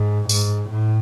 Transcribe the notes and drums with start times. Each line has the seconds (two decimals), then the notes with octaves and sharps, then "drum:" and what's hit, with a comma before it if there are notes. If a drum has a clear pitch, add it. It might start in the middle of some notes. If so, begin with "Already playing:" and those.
Already playing: G#2
0.29 G#2, drum: tambourine
0.70 A2